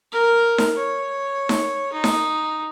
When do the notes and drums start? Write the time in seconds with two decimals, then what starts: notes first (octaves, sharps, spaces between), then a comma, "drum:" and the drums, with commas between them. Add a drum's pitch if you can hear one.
0.12 A#4
0.58 drum: snare D#4
0.77 C#5
1.49 drum: snare D#4
1.92 D#4
2.04 drum: snare D#4